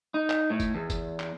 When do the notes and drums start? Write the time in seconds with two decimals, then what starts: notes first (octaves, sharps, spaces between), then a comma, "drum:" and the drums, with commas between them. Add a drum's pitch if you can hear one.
0.14 D#4
0.30 drum: clap
0.50 A2
0.60 drum: kick, tambourine
0.75 E2
0.90 drum: kick, tambourine
1.20 drum: clap